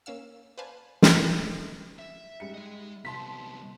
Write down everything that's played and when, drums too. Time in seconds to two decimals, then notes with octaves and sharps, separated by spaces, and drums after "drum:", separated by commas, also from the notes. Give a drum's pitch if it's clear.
0.06 A#3 C#4 F5 E6
0.58 B4 C5 D5 F5 G#5 A5
1.02 drum: snare
1.99 E5
2.40 G#2 G3 C#7
2.54 G#3 D#5
3.05 C2 B3 A5 C6 B6